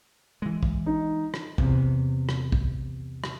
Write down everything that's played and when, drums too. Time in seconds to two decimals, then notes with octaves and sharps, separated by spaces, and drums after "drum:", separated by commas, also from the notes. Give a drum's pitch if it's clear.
0.42 E3 G#3
0.63 drum: kick
0.86 D#4
1.34 drum: rim click
1.58 E2 C3, drum: kick
2.29 drum: rim click
2.52 drum: kick
3.24 drum: rim click